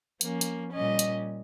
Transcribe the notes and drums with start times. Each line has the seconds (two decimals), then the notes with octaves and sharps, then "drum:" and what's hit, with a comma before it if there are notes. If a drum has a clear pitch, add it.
0.21 F3 A#3 C#4, drum: hi-hat
0.41 drum: hi-hat
0.73 A#2 G3 C#4 D#5
0.99 drum: hi-hat